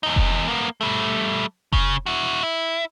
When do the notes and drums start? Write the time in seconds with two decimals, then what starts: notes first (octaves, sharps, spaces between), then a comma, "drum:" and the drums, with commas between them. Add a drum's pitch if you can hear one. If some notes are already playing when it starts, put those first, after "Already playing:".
0.03 E2 D#4
0.16 drum: kick F1
0.48 A#3 B3
0.81 G3 A3
1.73 C#3, drum: kick F1
2.06 E4 F#4
2.42 E4